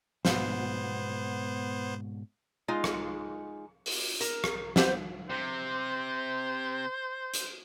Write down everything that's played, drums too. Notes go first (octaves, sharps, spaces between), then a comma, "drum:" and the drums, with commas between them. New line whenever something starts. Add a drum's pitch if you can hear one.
G#2 B2 B3 F#4 C5, drum: snare
G#3 D#4 F4
drum: rim click
drum: open hi-hat
A#4, drum: hi-hat
drum: rim click
B3 C4 G4 C5, drum: snare
C3 C5
drum: hi-hat